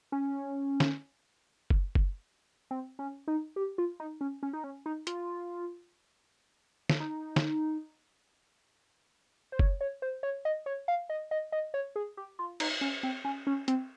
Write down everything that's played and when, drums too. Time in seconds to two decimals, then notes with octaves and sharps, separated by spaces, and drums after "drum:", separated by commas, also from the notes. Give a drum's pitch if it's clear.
0.12 C#4
0.80 drum: snare D3
1.70 drum: kick F#1
1.95 drum: kick F#1
2.71 C4
2.99 C#4
3.28 D#4
3.56 G4
3.78 F4
4.00 D#4
4.21 C#4
4.43 C#4
4.53 D#4
4.64 C#4
4.86 D#4
5.07 F4, drum: hi-hat
6.89 drum: snare D3
7.00 D#4
7.36 drum: snare D3
9.52 C5
9.59 C#5, drum: kick F#1
9.81 C#5
10.02 C5
10.23 C#5
10.45 D#5
10.66 C#5
10.88 F5
11.10 D#5
11.31 D#5
11.52 D#5
11.74 C#5
11.96 G#4
12.17 G4
12.39 F4
12.60 D#4, drum: cymbal
12.81 C#4
13.03 C4
13.25 C#4
13.47 C#4
13.68 C4, drum: hi-hat